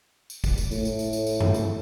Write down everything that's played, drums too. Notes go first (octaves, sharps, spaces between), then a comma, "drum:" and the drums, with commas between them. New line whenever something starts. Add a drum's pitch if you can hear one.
drum: tambourine
drum: kick, tambourine
drum: tambourine
A2, drum: tambourine
drum: tambourine
drum: tambourine
drum: tambourine
drum: tambourine
drum: tom F#2
drum: tambourine